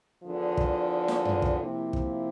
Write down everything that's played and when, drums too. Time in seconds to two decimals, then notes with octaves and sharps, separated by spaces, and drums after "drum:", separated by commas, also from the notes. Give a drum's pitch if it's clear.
0.24 E2 D3 F3
0.57 drum: kick
1.08 drum: snare
1.25 drum: tom F#2
1.42 drum: kick
1.60 C3 F3 A#3 E4
1.93 drum: kick